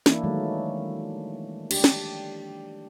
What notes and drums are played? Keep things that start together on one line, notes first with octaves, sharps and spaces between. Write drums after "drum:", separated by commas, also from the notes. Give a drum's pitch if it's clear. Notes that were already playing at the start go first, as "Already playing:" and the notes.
E3 A#3 D4 E4, drum: snare
D#3 F#3 G#3 A3
D4 G4, drum: cymbal
drum: snare